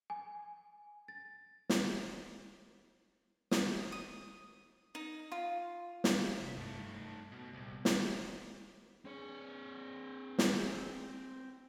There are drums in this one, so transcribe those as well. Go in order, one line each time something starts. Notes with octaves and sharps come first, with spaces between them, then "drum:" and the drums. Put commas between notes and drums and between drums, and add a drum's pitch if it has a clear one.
G#5
A6
drum: snare
D#6, drum: snare
D#6
D#4
F4
drum: snare
C3 E5
G2 E3 A3 D#4
B2
C2 A#2
E3 B3
drum: snare
C4 G#4 C#5
drum: snare